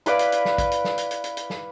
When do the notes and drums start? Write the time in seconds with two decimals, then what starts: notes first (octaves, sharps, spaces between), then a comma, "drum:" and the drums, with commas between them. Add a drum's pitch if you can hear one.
0.06 E4 B4 D5 F5, drum: hi-hat
0.19 drum: hi-hat
0.32 drum: hi-hat
0.45 drum: snare
0.58 drum: kick, hi-hat
0.71 drum: hi-hat
0.85 drum: snare
0.98 drum: hi-hat
1.11 drum: hi-hat
1.24 drum: hi-hat
1.37 drum: hi-hat
1.50 drum: snare